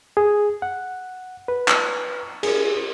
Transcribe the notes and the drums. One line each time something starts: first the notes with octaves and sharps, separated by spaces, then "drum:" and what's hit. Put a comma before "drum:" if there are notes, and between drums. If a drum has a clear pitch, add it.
G#4
F#5
B4
drum: clap
G#4, drum: cymbal